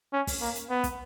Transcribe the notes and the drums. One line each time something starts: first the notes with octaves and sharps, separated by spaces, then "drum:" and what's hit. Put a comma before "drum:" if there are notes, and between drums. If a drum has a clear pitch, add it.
C#4
drum: kick, open hi-hat
A#3
drum: hi-hat
B3
drum: kick, hi-hat